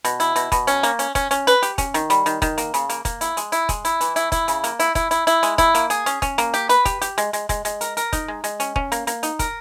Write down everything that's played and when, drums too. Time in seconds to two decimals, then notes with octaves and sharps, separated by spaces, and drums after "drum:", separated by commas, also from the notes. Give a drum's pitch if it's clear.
0.05 B2, drum: hi-hat
0.20 E4, drum: hi-hat
0.36 B2, drum: hi-hat
0.52 B2, drum: kick, hi-hat
0.67 C#4, drum: hi-hat
0.83 A#3, drum: hi-hat
0.99 C#4, drum: hi-hat
1.15 C#4, drum: kick, hi-hat
1.31 C#4, drum: hi-hat
1.47 B4, drum: hi-hat
1.63 G4, drum: hi-hat
1.78 C#4, drum: kick, hi-hat
1.94 D#3, drum: hi-hat
2.10 G3, drum: hi-hat
2.26 D#3, drum: hi-hat
2.42 D#3, drum: kick, hi-hat
2.58 A#3, drum: hi-hat
2.74 C#3, drum: hi-hat
2.89 A#3, drum: hi-hat
3.05 A#3, drum: kick, hi-hat
3.21 E4, drum: hi-hat
3.37 G#3, drum: hi-hat
3.52 E4, drum: hi-hat
3.69 G#3, drum: kick, hi-hat
3.85 E4, drum: hi-hat
4.01 E3, drum: hi-hat
4.16 E4, drum: hi-hat
4.32 E4, drum: kick, hi-hat
4.48 C#3, drum: hi-hat
4.64 A#3, drum: hi-hat
4.80 E4, drum: hi-hat
4.95 E4, drum: kick, hi-hat
5.11 E4, drum: hi-hat
5.27 E4, drum: hi-hat
5.43 G#3, drum: hi-hat
5.58 E4, drum: kick, hi-hat
5.75 A#3, drum: hi-hat
5.90 G#4, drum: hi-hat
6.06 C#4, drum: hi-hat
6.22 C#4, drum: kick, hi-hat
6.38 A#3, drum: hi-hat
6.54 G4, drum: hi-hat
6.69 B4, drum: hi-hat
6.85 G4, drum: kick, hi-hat
7.02 G4, drum: hi-hat
7.18 G#3, drum: hi-hat
7.33 G#3, drum: hi-hat
7.49 G#3, drum: kick, hi-hat
7.65 G#3, drum: hi-hat
7.81 A#4, drum: hi-hat
7.97 A#4, drum: hi-hat
8.13 D#4, drum: kick, hi-hat
8.28 G#3
8.44 G#3, drum: hi-hat
8.60 C#4, drum: hi-hat
8.76 C#4, drum: kick
8.92 A#3, drum: hi-hat
9.07 A#3, drum: hi-hat
9.23 D#4, drum: hi-hat
9.39 A#4, drum: kick, hi-hat